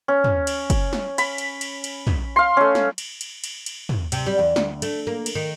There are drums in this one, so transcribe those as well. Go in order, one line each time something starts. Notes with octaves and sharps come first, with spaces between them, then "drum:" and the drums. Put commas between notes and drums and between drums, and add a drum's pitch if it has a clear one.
C#4
drum: tom
drum: cymbal
drum: kick, cymbal
drum: snare
B5, drum: cymbal
drum: cymbal
drum: cymbal
drum: cymbal
drum: tom
F5 C6
A3 C#4
drum: snare
drum: cymbal
drum: cymbal
drum: cymbal
drum: cymbal
drum: tom
C3, drum: cymbal
G3
E2
D2, drum: snare
A3, drum: cymbal
A#3
drum: cymbal
D#3